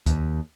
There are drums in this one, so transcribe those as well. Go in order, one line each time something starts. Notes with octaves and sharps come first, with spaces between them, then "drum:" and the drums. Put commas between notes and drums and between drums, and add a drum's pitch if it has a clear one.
D#2, drum: kick C#2, hi-hat